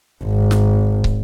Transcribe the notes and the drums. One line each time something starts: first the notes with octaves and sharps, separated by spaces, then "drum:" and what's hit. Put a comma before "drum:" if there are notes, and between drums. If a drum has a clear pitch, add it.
G#1
drum: snare
drum: kick